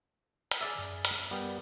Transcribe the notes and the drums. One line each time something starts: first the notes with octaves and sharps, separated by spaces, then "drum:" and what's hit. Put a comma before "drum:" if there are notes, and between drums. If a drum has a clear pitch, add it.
drum: hi-hat
G#4 D5 E5 E6 F6 A6
F#2
drum: hi-hat
G3 B3 A#4